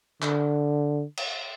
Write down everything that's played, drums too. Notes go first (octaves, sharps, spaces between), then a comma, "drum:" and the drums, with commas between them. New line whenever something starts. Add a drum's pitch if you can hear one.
D3, drum: clap
drum: cymbal